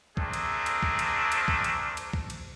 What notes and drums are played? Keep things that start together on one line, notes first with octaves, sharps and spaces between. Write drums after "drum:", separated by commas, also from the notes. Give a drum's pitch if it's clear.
A3 C4 D4 G#4 A#4, drum: kick
drum: cymbal
drum: cymbal
drum: kick
drum: cymbal
drum: cymbal
drum: kick
drum: cymbal
drum: cymbal
drum: kick
drum: cymbal